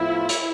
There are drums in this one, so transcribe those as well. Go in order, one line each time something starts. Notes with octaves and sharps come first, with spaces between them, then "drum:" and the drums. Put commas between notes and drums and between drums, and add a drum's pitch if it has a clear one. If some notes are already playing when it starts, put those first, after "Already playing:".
Already playing: A2 F3 B3 E4 F4
drum: hi-hat